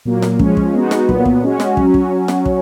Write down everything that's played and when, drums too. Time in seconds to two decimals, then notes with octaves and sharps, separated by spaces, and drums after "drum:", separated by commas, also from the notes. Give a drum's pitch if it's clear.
0.05 A#2 F#3 A#3
0.23 drum: snare
0.39 F3 G#3 C#4, drum: kick
0.57 drum: kick
0.74 G#3 B3 D#4 F#4
0.91 drum: snare
1.09 A#2 F#3 B3, drum: kick
1.25 drum: kick
1.43 G#3 C#4 F#4
1.60 drum: snare
1.77 F#3 C#4 F#4, drum: kick
1.94 drum: kick
2.28 drum: snare
2.46 drum: kick